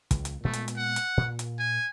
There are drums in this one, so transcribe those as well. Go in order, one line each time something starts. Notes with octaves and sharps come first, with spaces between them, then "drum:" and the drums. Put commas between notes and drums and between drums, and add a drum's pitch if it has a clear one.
C#2, drum: kick, hi-hat
drum: hi-hat
A#2 G#3 A3 B3
drum: hi-hat
drum: hi-hat
F#5
drum: hi-hat
A#2
drum: hi-hat
G#5